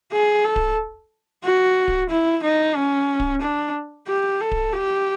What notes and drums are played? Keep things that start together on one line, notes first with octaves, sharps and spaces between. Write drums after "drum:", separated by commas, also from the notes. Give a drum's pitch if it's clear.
G#4
A4
drum: kick D1
F#4
drum: kick D1
E4
D#4
C#4
drum: kick D1
D4
G4
A4
drum: kick D1
G4